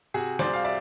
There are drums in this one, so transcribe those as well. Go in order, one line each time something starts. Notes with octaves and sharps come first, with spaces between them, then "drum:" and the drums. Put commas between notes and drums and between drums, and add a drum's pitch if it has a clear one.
C3 F#4 G#4
C2 C5 D5, drum: snare
F5
D5 E5